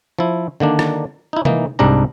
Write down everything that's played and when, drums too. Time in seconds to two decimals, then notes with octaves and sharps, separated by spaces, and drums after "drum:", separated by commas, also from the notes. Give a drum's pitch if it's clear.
0.19 F3 E4
0.60 D3 D#3 A#3 D4
0.79 drum: rim click
1.33 D#4 E4
1.45 E3 A#3 D#4, drum: tom C3
1.79 C2 G#2 G3 D4 A#5